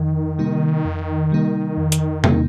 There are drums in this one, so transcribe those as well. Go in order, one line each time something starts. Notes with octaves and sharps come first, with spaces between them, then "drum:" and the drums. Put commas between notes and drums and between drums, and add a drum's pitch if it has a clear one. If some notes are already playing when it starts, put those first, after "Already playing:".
Already playing: F2 D#3
C3 G3 A#3 D#4
F2
C3 G3 A#3 D#4
F2
drum: hi-hat
C3 G3 A#3 D#4, drum: tom